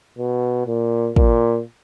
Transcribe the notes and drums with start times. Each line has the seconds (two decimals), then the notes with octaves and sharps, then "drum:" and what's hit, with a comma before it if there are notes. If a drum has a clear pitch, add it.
0.18 B2
0.67 A#2
1.16 A#2, drum: kick